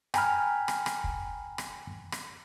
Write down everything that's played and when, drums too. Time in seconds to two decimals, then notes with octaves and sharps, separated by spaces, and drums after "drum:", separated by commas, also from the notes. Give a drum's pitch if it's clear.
0.14 G5 G#5 A#5 B5 F6, drum: rim click
0.68 drum: rim click
0.86 drum: rim click
1.04 drum: kick
1.58 drum: rim click
2.12 drum: rim click